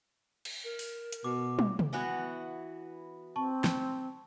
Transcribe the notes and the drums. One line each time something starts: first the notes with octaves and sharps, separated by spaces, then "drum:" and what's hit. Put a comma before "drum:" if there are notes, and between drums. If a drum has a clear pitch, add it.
drum: cymbal
A#4
drum: open hi-hat
drum: hi-hat
B2 D6
drum: tom
drum: tom
E3 B3 F#4
C4 A5 C#6
drum: snare